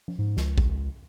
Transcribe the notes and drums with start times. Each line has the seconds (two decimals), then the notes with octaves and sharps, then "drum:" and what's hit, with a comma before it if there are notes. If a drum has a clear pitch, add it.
0.08 drum: tom F3
0.18 G#2
0.37 C#2, drum: snare
0.58 drum: kick A1